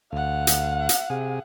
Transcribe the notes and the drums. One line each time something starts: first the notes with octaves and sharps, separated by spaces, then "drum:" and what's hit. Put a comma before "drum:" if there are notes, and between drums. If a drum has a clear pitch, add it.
D2 F5 F#5
drum: hi-hat
drum: hi-hat
C3 G#4